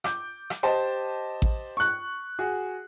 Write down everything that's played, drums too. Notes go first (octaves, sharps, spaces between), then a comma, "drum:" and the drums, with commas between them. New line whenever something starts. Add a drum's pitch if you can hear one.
D6 G6, drum: rim click
drum: rim click
G4 C5 D#5 A5
drum: kick A1
C#6 F#6
F#4 G#4